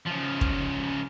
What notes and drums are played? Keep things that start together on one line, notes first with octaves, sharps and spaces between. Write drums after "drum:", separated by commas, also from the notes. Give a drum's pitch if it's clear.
C#3 F3
drum: kick